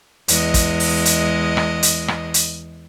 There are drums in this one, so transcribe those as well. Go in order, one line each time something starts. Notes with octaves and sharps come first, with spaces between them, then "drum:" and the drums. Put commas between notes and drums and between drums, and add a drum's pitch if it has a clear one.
E2 G#3 D#5, drum: hi-hat
drum: kick, hi-hat
drum: open hi-hat
drum: hi-hat
drum: rim click
drum: hi-hat
drum: rim click
drum: hi-hat